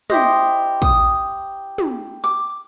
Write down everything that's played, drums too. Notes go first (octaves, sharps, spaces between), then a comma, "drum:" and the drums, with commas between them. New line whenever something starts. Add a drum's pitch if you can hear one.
E4 G4 C5 D#5, drum: tom
D#6, drum: kick
drum: tom
D6